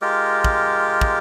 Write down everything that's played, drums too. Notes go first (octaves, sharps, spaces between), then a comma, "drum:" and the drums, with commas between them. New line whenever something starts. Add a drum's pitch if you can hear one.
G#3 F4 G4 A#4
drum: kick
drum: kick